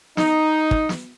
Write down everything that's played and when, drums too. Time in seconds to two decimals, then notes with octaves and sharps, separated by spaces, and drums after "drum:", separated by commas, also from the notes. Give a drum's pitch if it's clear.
0.17 D#4, drum: snare
0.71 drum: kick
0.89 drum: snare